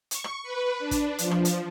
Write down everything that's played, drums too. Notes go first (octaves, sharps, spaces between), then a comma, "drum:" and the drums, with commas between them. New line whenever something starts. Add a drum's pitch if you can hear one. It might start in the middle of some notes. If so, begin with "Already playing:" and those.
C#6, drum: hi-hat
drum: rim click
B4
D4
drum: kick, hi-hat
F3, drum: hi-hat
drum: rim click
drum: hi-hat